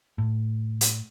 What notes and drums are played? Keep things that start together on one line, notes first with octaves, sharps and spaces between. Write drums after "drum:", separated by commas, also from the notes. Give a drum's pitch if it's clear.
A2
drum: hi-hat